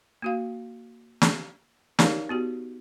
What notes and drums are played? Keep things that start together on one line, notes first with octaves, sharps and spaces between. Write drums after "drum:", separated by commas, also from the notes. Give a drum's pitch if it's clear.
A#3 F#4 F5
drum: snare
D#4 G4 A#4 C#5 D5 F5, drum: snare
B3 F#4 G4